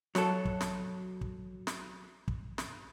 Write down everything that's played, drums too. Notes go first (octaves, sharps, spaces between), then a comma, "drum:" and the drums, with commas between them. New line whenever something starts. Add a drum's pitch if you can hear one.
F#3 A4, drum: snare
drum: kick
drum: snare
drum: kick
drum: snare
drum: kick
drum: snare